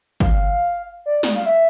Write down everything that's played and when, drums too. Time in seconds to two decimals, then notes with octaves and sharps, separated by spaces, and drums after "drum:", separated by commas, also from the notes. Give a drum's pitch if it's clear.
0.20 F5, drum: kick
1.06 D5
1.23 drum: snare
1.35 F5
1.46 E5